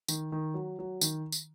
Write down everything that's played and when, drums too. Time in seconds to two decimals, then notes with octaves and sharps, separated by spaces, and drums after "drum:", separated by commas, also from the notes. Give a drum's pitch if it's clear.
0.08 D#3, drum: tambourine
0.32 D#3
0.54 F#3
0.79 F#3
1.01 D#3, drum: tambourine
1.32 drum: tambourine